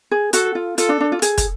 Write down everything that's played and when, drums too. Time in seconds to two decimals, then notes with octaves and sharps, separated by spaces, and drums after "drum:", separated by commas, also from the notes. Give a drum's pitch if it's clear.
0.11 G#4
0.33 F#4 A4, drum: hi-hat
0.55 F4
0.78 F4 A4, drum: hi-hat
0.89 D4
1.00 D4
1.12 F4
1.22 G#4, drum: hi-hat
1.38 drum: kick, hi-hat